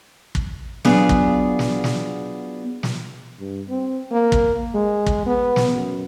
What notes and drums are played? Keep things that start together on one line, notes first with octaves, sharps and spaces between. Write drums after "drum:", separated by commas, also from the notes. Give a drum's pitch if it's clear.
drum: kick
F#3 B3 D4 F4 G#4 F5, drum: snare
drum: kick
drum: snare
drum: snare
drum: snare
G2
C4
A#3
drum: kick
G#3
drum: kick
B3
drum: snare
F#2